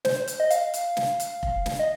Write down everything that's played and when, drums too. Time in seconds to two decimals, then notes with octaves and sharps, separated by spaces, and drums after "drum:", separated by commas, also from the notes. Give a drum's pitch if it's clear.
0.05 C5, drum: snare
0.16 C5
0.28 drum: hi-hat
0.40 D#5
0.50 F5, drum: hi-hat
0.74 drum: hi-hat
0.97 drum: snare
1.20 drum: hi-hat
1.43 drum: kick F1
1.66 drum: snare
1.79 D#5